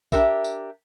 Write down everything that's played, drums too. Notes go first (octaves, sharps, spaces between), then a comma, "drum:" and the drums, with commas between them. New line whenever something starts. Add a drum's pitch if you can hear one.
D4 G4 A#4 E5, drum: kick, tambourine
drum: tambourine